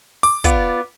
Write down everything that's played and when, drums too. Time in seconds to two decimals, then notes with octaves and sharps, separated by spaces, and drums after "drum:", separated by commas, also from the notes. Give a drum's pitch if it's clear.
0.23 D6, drum: open hi-hat
0.44 B3 F4 D5, drum: kick, hi-hat